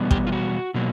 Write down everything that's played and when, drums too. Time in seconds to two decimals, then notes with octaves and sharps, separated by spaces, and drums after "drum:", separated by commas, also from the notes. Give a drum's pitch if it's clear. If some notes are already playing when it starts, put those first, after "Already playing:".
Already playing: E2 B2 G3 B3
0.11 G4, drum: kick
0.27 F4
0.32 F#4
0.74 B2 F#3 A#3